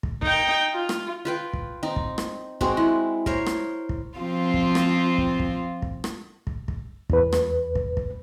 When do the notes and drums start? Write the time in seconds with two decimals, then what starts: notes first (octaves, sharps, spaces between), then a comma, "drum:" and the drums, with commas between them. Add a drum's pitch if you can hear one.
0.03 drum: kick
0.22 D#4 G5, drum: kick
0.73 F4
0.89 drum: rim click
1.25 F4 B4 G5
1.53 drum: kick
1.83 C4 D#4
1.96 drum: kick
2.18 drum: rim click
2.61 G#3 C4 F#4, drum: kick
2.77 E4
3.26 A#4 C5 C#5, drum: kick
3.46 drum: rim click
3.89 drum: kick
4.18 F3 C4 F4
4.54 drum: kick
4.75 drum: rim click
5.18 drum: kick
5.39 drum: kick
5.82 drum: kick
6.04 drum: rim click
6.47 drum: kick
6.68 drum: kick
7.10 E2 B4, drum: kick
7.33 drum: rim click
7.75 drum: kick
7.97 drum: kick